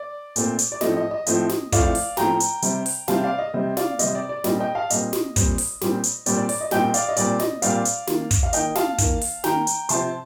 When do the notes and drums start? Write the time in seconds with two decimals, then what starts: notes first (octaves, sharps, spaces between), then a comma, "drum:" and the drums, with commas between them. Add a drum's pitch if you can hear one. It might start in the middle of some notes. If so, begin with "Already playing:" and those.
Already playing: D5
0.36 A#2 A3 C4, drum: hi-hat
0.59 drum: hi-hat
0.72 D5
0.81 A2 F3 A3 C4 D#5, drum: snare
0.97 D#5
1.11 D#5
1.26 A2 F3 A3 C4, drum: hi-hat
1.49 drum: snare
1.72 A2 F3 A3 C4 D5 F5, drum: kick, hi-hat
1.95 drum: open hi-hat
2.17 A2 F3 A3 C4 G5 A#5, drum: snare
2.40 drum: hi-hat
2.62 C3 G3 C4, drum: hi-hat
2.86 drum: open hi-hat
3.08 C3 G3 C4 F5 A5, drum: snare
3.23 D5 F5
3.38 D#5
3.54 C3 G3 C4 D#5
3.77 D5 F5, drum: snare
3.99 C3 G3 C4 D#5, drum: hi-hat
4.15 D5
4.29 D5
4.44 A#2 G3 C4 D#5, drum: snare
4.60 D#5 G5
4.75 F5 A5
4.90 A#2 G3 C4 D#5, drum: hi-hat
5.13 drum: snare
5.36 A#2 G3 C4, drum: kick, hi-hat
5.58 drum: open hi-hat
5.81 A#2 G3 C4, drum: snare
6.04 drum: hi-hat
6.26 A#2 G3 C4 D5, drum: hi-hat
6.37 D5
6.49 D5, drum: open hi-hat
6.61 D#5
6.71 A#2 G3 C4 D#5 G5, drum: snare
6.94 D5 F5, drum: hi-hat
7.09 D#5
7.17 A#2 G3 C4 D5, drum: hi-hat
7.40 D#5, drum: snare
7.62 A#2 G3 C4 D5 F5, drum: hi-hat
7.85 drum: hi-hat
8.07 D#3 A#3, drum: snare
8.31 drum: kick, hi-hat
8.43 F5
8.53 D#3 A#3 D#5 G5, drum: hi-hat
8.75 F5 A5, drum: snare
8.98 D#3 A#3, drum: kick, hi-hat
9.21 drum: open hi-hat
9.44 D#3 A#3 G5 A#5, drum: snare
9.67 drum: hi-hat
9.89 C3 F3 C4 A5 C6, drum: hi-hat